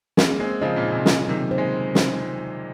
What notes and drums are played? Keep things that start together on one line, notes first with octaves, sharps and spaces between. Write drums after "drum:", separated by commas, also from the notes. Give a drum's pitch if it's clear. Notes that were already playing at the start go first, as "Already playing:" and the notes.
A#3 C#4 G#4, drum: snare
G#3 A#3 C4
C#3 F3 D#5
A#2 C#3
D#4
C3
A#2 C#3 F4, drum: snare
C3 D#3 F#3
C5
G#3
drum: snare